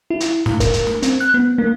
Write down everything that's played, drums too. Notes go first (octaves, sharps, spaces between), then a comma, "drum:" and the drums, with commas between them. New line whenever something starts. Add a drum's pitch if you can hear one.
E4
drum: hi-hat
A2, drum: snare
A#4, drum: kick, hi-hat
drum: hi-hat
drum: snare
C4, drum: hi-hat
F#6
B3
A#3